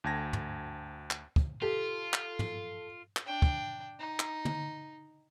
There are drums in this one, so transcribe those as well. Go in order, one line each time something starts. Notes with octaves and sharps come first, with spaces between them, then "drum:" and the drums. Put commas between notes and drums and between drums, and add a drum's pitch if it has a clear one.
D2 G5 A5 G#6 A#6
drum: tom
drum: clap
drum: kick
F4 G4 A4
drum: clap
drum: tom
drum: clap
D4 G5
drum: kick
D#4
drum: clap
drum: tom